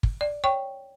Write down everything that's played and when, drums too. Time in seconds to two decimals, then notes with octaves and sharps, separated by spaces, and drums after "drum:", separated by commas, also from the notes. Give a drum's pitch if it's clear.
0.03 drum: kick
0.21 D5
0.44 C#5 G5 C#6